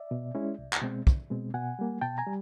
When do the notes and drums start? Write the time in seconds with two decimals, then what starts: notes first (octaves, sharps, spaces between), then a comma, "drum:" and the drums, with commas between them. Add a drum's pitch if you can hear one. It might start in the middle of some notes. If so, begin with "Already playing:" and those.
Already playing: D5 E5
0.11 B2
0.35 G#3 C#4 E4
0.59 C2
0.73 drum: clap
0.82 B2 G#3 C4
1.07 C2, drum: kick
1.30 B2 G#3 C4
1.54 B2 F#5 G#5
1.79 G3 A#3
2.01 B2 G5 A5
2.18 G#5 A#5
2.27 G3